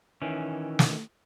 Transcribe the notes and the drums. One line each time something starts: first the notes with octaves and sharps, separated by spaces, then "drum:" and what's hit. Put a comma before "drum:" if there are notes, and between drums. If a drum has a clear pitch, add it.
D#3 E3 C#4
drum: snare